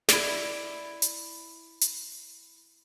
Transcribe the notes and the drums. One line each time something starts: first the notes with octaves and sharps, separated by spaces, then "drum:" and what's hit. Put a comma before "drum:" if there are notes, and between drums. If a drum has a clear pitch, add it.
E4 D5, drum: snare
drum: hi-hat
drum: hi-hat